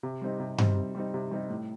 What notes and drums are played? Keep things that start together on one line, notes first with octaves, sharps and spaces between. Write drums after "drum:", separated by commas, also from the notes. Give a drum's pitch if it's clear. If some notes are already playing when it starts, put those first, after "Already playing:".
C3
G3 C4 D#4
C3
G3 C4 D#4, drum: tom G2
C3
G3 C4 D#4
C3
G3 C4 D#4
A2